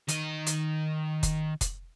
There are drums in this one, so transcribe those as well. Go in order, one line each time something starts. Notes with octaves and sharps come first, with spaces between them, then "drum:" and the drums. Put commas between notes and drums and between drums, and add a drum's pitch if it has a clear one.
D#3 D#5, drum: hi-hat
drum: hi-hat
drum: kick F1, hi-hat
drum: kick F1, hi-hat